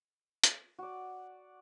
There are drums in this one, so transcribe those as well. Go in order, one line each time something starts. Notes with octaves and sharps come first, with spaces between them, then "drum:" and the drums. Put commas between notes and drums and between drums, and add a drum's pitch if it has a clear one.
drum: hi-hat
F#4 D5